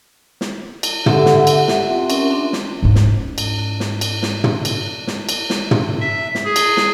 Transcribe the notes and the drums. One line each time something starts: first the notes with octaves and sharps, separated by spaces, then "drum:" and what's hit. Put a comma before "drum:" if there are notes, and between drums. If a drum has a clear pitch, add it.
drum: snare
drum: cymbal
D3 G4 E5 F#5, drum: tom
drum: snare
drum: cymbal
drum: snare
C2 C4 F4
C#4 A#4 E5, drum: cymbal
D4 C6
drum: snare
G#2 C#4
drum: snare
drum: cymbal
drum: snare
drum: cymbal
drum: snare
drum: tom
drum: cymbal
drum: snare
drum: cymbal
drum: snare
drum: tom
E5
drum: snare
G#4
drum: cymbal
drum: snare